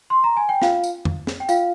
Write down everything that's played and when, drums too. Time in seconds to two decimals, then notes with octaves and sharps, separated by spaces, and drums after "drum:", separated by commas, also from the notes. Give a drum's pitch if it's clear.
0.10 C6
0.24 A#5
0.37 G#5
0.49 G5
0.62 F4 F5, drum: snare
0.84 drum: tambourine
1.05 drum: tom F2
1.27 drum: snare
1.40 G5
1.49 F4 F5, drum: tambourine